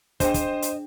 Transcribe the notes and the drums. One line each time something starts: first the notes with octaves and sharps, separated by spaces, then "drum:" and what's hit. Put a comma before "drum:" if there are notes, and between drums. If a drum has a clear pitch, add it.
D4 G#4 C5 D#5 G5, drum: kick, hi-hat
drum: kick, hi-hat
drum: hi-hat